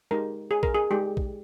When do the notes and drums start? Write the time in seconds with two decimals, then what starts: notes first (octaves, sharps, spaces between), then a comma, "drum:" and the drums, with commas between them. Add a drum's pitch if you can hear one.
0.11 G#3 D#4 G4 A#4
0.51 G#4
0.63 A#4, drum: kick
0.75 G#4
0.91 G#3 D#4 G4
1.17 drum: kick